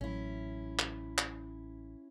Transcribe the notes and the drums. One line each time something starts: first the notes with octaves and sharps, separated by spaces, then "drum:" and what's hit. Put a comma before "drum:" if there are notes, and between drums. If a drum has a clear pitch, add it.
A1 F#3 C#4 E4
drum: clap
drum: clap